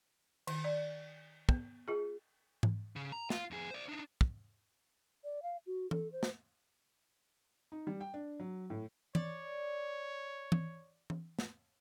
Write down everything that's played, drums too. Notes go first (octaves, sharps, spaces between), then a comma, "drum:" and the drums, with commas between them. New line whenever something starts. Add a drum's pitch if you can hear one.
D#3, drum: cymbal
D5
B3, drum: kick
F4 G#4
drum: tom G#2
C#3
A#5
F4, drum: snare
F2 G#4
C5 D5
D4 D#4
drum: kick
D5
F5
F#4
A4, drum: tom E3
C5
drum: snare
D#4
G3
G5
D4
F#3
A2
C#5 D5, drum: tom E3
drum: tom E3
drum: tom E3
drum: snare